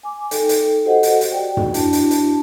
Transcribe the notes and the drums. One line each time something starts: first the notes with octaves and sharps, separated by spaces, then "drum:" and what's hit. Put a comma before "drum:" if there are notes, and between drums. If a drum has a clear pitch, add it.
G#5 D6
D#4 A4 G5, drum: hi-hat
drum: hi-hat
F#4 G4 A4 C5 D#5 F#5
drum: hi-hat
drum: hi-hat
F#4 D5 G5
drum: tom
D4 E4 F#4 A5, drum: hi-hat
drum: hi-hat
drum: hi-hat